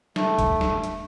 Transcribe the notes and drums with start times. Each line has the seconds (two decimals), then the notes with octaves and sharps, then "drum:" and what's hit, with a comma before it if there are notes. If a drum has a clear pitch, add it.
0.16 A3, drum: snare
0.39 drum: kick, hi-hat
0.61 drum: snare
0.84 drum: hi-hat